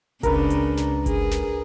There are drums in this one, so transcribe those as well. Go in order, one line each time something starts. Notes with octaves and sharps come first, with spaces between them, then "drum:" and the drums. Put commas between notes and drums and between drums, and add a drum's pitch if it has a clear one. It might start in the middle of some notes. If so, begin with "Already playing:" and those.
C#2 C#3 D4 A#4 B4, drum: kick G1, hi-hat
drum: hi-hat
drum: snare
G#4, drum: kick G1, hi-hat
drum: snare